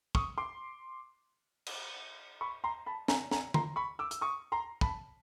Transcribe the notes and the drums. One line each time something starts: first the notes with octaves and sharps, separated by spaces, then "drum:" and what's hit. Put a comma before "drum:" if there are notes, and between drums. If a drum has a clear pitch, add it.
C#6 D#6, drum: kick
C6 D6
drum: cymbal
B5 C#6
A#5 C6
A5 B5
G#5 A#5, drum: snare
G#5 A#5, drum: snare
A#5 C6, drum: tom
B5 C#6
D6 E6
E6, drum: hi-hat
C#6 D#6
A#5 C6
A5 B5, drum: kick